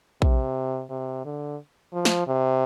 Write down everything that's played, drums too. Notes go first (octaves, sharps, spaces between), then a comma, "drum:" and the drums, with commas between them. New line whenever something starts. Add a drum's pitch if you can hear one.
C3, drum: kick A#1
C3
D3
F3
drum: snare
C3